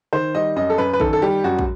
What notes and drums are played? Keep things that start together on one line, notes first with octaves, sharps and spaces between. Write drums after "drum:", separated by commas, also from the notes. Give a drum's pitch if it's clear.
D#3 C5
G3 D#5
F#2 D#5
A4
F#2 B4
B4
D#3 A4, drum: kick
A4
G3 G4
F#2 F#4
drum: kick